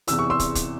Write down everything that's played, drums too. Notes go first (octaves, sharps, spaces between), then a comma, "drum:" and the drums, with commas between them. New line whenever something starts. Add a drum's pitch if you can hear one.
E2 C3 E3 E6, drum: hi-hat
C#6
C6 E6
drum: kick, hi-hat
drum: kick, hi-hat